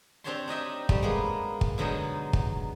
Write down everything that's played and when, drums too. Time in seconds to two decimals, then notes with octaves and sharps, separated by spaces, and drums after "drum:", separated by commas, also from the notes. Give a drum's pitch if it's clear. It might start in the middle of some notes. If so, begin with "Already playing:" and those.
0.24 C4 D4 G4 C#5 A5 C6
0.48 D4 D#4 D#5 E5
0.89 G3 A3, drum: kick
1.03 G#3 A#3 B3
1.61 drum: kick
1.78 B2 D3 F#3 G#3 D#4
2.33 drum: kick